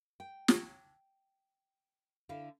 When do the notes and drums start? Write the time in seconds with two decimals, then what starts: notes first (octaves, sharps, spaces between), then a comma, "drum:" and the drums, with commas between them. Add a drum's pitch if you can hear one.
0.20 G5
0.48 drum: snare
2.29 D3 E4 F5